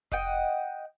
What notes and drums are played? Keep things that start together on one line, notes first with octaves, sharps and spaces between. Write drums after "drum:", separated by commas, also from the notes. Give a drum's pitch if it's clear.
D#5 F#5 G5, drum: kick F1